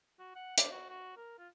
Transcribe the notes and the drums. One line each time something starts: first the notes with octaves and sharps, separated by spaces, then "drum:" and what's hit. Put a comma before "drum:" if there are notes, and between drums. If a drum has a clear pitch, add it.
F#4
F#5
D4, drum: hi-hat
F#4
F#4
A#4
F4